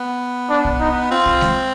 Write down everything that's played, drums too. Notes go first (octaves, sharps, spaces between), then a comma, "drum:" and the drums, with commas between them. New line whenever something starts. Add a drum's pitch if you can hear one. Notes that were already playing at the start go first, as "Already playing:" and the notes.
Already playing: B3
D4
drum: kick
D#4
C4 F4
drum: kick
drum: snare G#3